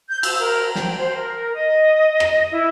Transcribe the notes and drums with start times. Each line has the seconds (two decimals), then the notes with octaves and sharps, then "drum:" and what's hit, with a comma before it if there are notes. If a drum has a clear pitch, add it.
0.09 G6
0.23 E6, drum: cymbal
0.40 A#4
0.75 G5, drum: snare
0.98 C5
1.14 A#4
1.54 D#5
2.20 drum: rim click
2.51 E4